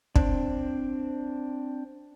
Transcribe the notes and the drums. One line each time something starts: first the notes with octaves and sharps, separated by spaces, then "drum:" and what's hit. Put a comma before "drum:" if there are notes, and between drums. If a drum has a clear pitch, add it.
C4 D4, drum: kick